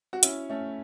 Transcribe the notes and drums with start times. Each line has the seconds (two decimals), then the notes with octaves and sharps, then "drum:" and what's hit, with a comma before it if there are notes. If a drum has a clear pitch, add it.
0.13 F#4
0.23 C#4 E4, drum: hi-hat
0.49 A3 C#4